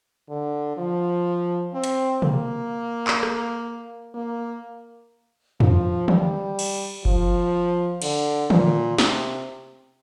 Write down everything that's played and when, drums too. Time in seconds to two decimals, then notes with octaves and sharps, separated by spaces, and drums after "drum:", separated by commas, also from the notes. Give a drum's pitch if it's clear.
0.29 D3
0.77 F3
1.74 C4
1.84 drum: hi-hat
2.22 A#3, drum: tom B2
3.07 drum: clap
3.23 drum: rim click
4.15 A#3
5.60 F3, drum: tom
6.08 G3, drum: tom
6.59 drum: cymbal
7.05 F3, drum: kick F#1
8.02 D3, drum: cymbal
8.50 A#2, drum: tom
8.98 C3, drum: snare